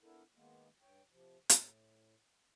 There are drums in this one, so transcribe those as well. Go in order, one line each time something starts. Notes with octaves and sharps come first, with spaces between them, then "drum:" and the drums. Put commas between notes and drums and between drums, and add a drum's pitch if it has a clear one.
B3 D4 E4 A4 A#4
D#3 G#3 A#3 B3
G2 C#5 G5
C3 F3
A2, drum: hi-hat